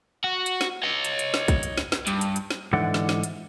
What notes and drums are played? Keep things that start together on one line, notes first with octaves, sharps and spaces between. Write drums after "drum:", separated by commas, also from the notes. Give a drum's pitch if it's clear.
F#4
drum: hi-hat
drum: snare
C#5 D#5
drum: hi-hat
drum: hi-hat
drum: snare
drum: kick, hi-hat
drum: hi-hat
drum: snare
drum: snare
G2, drum: hi-hat
drum: hi-hat
drum: hi-hat
drum: snare
G#2 D3 E3 D5 F#5
drum: snare
drum: snare
drum: hi-hat